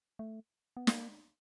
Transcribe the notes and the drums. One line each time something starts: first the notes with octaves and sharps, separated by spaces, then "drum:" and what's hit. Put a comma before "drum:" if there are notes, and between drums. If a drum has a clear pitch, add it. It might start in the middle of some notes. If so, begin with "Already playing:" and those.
A3
B3
A#3, drum: snare